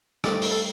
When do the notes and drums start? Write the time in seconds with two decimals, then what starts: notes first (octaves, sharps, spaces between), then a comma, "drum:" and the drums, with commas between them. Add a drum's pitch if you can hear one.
0.24 G2 D#3 A3 C4 D5, drum: rim click
0.42 C5, drum: open hi-hat
0.51 A4